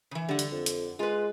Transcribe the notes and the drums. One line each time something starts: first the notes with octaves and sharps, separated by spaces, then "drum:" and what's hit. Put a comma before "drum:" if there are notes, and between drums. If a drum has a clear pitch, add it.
C#3 E3
D3 G3 F#5
drum: hi-hat
F2
drum: hi-hat
G#3 F4 B4